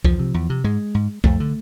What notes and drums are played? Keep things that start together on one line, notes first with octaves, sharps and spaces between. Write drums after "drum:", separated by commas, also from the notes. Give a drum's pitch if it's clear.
E2 F3, drum: kick C2
C3
E2
C3
G#2 G#3
G#2
F2 A3, drum: kick C2
D3